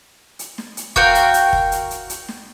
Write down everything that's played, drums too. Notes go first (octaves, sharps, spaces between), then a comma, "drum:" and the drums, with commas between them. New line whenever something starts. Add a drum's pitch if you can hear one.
drum: hi-hat
drum: snare
drum: hi-hat
F#4 A#4 F5 G5, drum: kick
drum: hi-hat
drum: hi-hat
drum: kick
drum: hi-hat
drum: hi-hat
drum: hi-hat
drum: snare